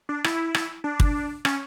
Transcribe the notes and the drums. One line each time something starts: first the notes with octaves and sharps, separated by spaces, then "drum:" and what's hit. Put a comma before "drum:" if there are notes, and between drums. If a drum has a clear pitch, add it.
D4
E4, drum: rim click
drum: rim click
D4
drum: kick
C#4, drum: rim click